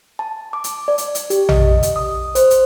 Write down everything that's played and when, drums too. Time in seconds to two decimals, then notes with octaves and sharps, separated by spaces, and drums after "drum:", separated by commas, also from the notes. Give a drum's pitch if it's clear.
0.19 A5
0.53 D6
0.64 drum: hi-hat
0.88 D5
0.98 drum: hi-hat
1.15 drum: hi-hat
1.30 G4, drum: hi-hat
1.49 D#5, drum: tom A#1
1.83 drum: hi-hat
1.96 D#6
2.35 C5, drum: hi-hat
2.50 drum: hi-hat